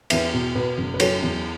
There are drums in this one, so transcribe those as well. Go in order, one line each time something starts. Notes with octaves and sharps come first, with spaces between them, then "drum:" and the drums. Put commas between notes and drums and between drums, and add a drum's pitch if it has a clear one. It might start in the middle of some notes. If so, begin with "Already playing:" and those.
E2 B4 E5, drum: cymbal
B2
B2 B4
F#1
B4
F#3 A4 C#5, drum: cymbal
E2